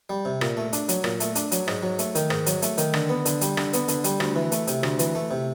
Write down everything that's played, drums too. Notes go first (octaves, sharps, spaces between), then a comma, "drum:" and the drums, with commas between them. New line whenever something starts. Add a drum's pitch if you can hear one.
G3
C3
A#2, drum: rim click
A3
D4, drum: hi-hat
F#3, drum: hi-hat
A#2, drum: rim click
A3, drum: hi-hat
D4, drum: hi-hat
F#3, drum: hi-hat
G#2, drum: rim click
F#3
A3, drum: hi-hat
D#3, drum: hi-hat
G#2, drum: rim click
F#3, drum: hi-hat
A3, drum: hi-hat
D#3, drum: hi-hat
D3, drum: rim click
B3
D3, drum: hi-hat
G3, drum: hi-hat
D3, drum: rim click
B3, drum: hi-hat
D3, drum: hi-hat
G3, drum: hi-hat
D2, drum: rim click
E3
A3, drum: hi-hat
C3, drum: hi-hat
D2, drum: rim click
E3, drum: hi-hat
A3
C3